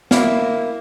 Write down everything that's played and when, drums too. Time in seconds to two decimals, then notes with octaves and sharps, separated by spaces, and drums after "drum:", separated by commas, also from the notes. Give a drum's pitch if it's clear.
0.11 A#3 E4, drum: snare